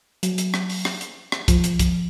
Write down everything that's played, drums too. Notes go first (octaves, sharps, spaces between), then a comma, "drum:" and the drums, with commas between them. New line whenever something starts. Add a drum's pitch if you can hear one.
F#3, drum: hi-hat
drum: hi-hat
drum: rim click
drum: open hi-hat
drum: rim click
drum: hi-hat
drum: rim click
F3, drum: kick, hi-hat
drum: hi-hat
drum: kick, hi-hat